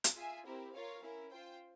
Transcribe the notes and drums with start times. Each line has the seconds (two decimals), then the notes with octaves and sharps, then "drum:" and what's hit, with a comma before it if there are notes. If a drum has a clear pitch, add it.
0.04 drum: hi-hat
0.15 F4 G#4 E5 G#5
0.44 C4 E4 G4 A#4
0.72 F4 A#4 C#5 F5
1.01 C#4 E4 A#4
1.31 F4 C5 G5